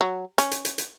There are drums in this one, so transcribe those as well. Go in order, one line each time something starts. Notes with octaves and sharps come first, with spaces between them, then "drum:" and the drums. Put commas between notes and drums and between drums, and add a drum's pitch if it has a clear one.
F#3
C#4, drum: hi-hat
drum: hi-hat
drum: hi-hat
drum: hi-hat